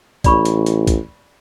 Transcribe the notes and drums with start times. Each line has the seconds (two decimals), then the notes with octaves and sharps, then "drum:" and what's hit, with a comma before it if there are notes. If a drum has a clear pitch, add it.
0.24 A1 D5 B5 C#6, drum: kick, hi-hat
0.45 drum: hi-hat
0.66 drum: hi-hat
0.87 drum: kick, hi-hat